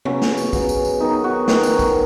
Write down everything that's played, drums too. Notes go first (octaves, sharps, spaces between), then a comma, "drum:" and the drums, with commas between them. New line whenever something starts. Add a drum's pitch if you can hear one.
C#3 F#3 B3 C#4, drum: tom C3
drum: snare
drum: tambourine
C#3 F#3 B3, drum: kick A#1, tambourine
drum: tambourine
drum: tambourine
D#3 F#3 B3 D#4
F#4
D#3 F#3 B3, drum: snare
drum: tambourine
drum: kick A#1, tambourine